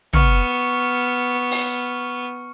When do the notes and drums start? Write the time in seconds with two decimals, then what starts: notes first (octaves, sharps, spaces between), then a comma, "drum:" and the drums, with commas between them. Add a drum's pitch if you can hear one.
0.13 B3 C#6 F6 C#7, drum: tom
1.51 drum: open hi-hat